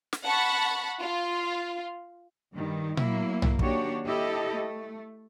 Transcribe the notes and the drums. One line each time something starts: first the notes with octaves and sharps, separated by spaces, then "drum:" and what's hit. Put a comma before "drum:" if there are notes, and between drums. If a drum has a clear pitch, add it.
drum: snare
F#5 A5 B5 C#6
F4
G2 D#3 G3
F#3 A#3 E4, drum: tom A#2
drum: tom B1
D#3 A#3 D4 F#4 G4 C#5, drum: kick
E4 G4 A4 D#5
A3